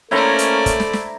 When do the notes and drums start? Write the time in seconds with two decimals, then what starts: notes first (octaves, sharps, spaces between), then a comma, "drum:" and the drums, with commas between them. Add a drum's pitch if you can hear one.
0.11 A3 A#3 C#4 E4 A4 C5 D5 A#5
0.38 drum: hi-hat
0.66 drum: kick, hi-hat
0.80 drum: snare
0.93 drum: snare